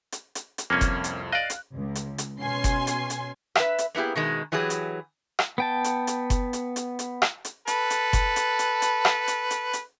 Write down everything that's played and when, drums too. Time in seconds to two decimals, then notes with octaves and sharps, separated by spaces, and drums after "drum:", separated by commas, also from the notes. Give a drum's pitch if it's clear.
0.12 drum: hi-hat
0.35 drum: hi-hat
0.58 drum: hi-hat
0.70 C2 F2 A#3 C#4
0.81 drum: kick F#1, hi-hat
1.04 drum: hi-hat
1.32 D5 D#5 F5 F#6
1.50 drum: hi-hat
1.77 C#2
1.95 drum: hi-hat
2.18 drum: hi-hat
2.41 B2 C#4 G#5 C6 C7
2.64 drum: kick F#1, hi-hat
2.87 drum: hi-hat
3.10 drum: hi-hat
3.55 B4 E5, drum: rim click
3.78 drum: hi-hat
3.95 A#3 B3 E4 G4 G#4
4.15 B2 D#3 G#3
4.52 E3 F#3 G4 G#4 B4
4.70 drum: hi-hat
5.39 drum: rim click
5.58 B3 G5 A5
5.84 drum: hi-hat
6.07 drum: hi-hat
6.30 drum: kick F#1, hi-hat
6.53 drum: hi-hat
6.76 drum: hi-hat
6.99 drum: hi-hat
7.22 drum: rim click
7.45 drum: hi-hat
7.67 A4 B4, drum: hi-hat
7.90 drum: hi-hat
8.13 drum: kick F#1, hi-hat
8.36 drum: hi-hat
8.59 drum: hi-hat
8.82 drum: hi-hat
9.05 drum: rim click
9.28 drum: hi-hat
9.51 drum: hi-hat
9.73 drum: hi-hat